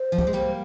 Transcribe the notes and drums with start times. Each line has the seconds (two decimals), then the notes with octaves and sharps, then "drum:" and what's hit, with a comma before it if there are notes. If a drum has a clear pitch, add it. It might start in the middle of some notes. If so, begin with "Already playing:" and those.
Already playing: C5
0.12 F3
0.18 G3, drum: kick
0.27 G#3
0.33 G3 A#3